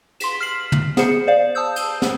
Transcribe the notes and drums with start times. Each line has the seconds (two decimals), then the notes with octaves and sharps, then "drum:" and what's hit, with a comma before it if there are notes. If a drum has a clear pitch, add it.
0.20 C6 B6 E7, drum: cymbal
0.41 F6 B6 C7 F#7
0.72 drum: tom
0.97 B3 G#4 C5 C#7, drum: snare
1.27 C5 D5 F5
1.55 A5 D#6 E6 G6
1.76 drum: cymbal
2.02 drum: snare